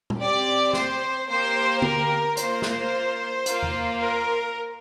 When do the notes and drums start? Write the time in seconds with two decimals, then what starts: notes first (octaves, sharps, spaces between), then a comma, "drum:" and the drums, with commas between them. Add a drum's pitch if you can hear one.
0.10 drum: tom
0.19 C4 G4 D5
0.73 C5, drum: snare
1.28 A#3 G4 C5
1.82 A#4, drum: tom
2.37 A#3 F4 C5, drum: hi-hat
2.62 drum: snare
3.46 A#3 F4, drum: hi-hat
3.62 drum: tom E2
4.00 A#4